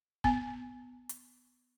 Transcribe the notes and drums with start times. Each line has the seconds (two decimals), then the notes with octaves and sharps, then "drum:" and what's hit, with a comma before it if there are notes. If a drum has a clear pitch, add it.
0.24 B3 G#5, drum: kick
1.09 drum: hi-hat